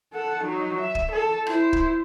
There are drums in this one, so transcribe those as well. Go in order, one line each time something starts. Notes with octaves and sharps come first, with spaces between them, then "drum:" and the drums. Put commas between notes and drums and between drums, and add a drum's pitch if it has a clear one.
A4 F#5
F#3 D#4
E5
drum: kick
A4
E4 C5, drum: rim click
drum: kick